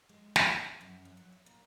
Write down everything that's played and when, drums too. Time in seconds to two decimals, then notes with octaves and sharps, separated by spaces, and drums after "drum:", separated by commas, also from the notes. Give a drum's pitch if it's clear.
0.09 G#3
0.36 G3, drum: snare
0.51 D4
0.64 C5
0.81 F#2
1.05 F#2
1.17 F#3
1.32 E5
1.46 A#2